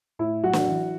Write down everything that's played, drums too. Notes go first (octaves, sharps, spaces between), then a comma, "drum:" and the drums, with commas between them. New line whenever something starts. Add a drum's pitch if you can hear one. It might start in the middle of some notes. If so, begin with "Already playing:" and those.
A2 E4
F#3 F#4
drum: snare
E3